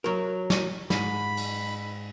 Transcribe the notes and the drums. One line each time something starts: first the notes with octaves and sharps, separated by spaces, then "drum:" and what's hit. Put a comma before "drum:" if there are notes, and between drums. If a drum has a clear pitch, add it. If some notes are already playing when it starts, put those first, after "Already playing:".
F#3 A#4
drum: snare
G#2 B5, drum: snare
drum: cymbal